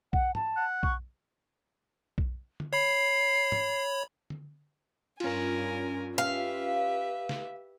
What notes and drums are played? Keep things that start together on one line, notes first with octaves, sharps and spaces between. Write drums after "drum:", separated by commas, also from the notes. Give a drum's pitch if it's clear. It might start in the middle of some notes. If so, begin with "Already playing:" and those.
F#5, drum: kick B1
A5, drum: tom
F#5
C#6, drum: kick B1
drum: kick B1
drum: tom D3
C#5 B5 C7
drum: tom
drum: tom D3
G2 C#4 F4 A#4 G#5, drum: cymbal
G4 B4 E5 F5
drum: snare